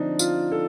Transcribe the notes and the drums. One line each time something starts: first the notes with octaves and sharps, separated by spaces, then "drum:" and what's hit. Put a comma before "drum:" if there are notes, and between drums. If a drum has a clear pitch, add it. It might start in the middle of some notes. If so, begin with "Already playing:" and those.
Already playing: D3 F3 C4 D4 D#4
F4, drum: tambourine
A4